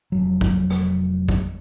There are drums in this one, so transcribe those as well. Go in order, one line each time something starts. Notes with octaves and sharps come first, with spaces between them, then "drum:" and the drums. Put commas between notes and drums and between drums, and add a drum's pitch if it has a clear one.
F1 F#3
drum: kick
drum: rim click
drum: kick